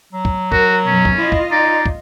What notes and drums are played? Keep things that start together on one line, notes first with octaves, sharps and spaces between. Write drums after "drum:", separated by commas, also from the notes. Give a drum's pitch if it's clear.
F#3
drum: kick
F#4 A#4, drum: kick
F#2 B2 C#4
drum: kick
E4 F4 D#5
drum: kick
D#4 D5
drum: kick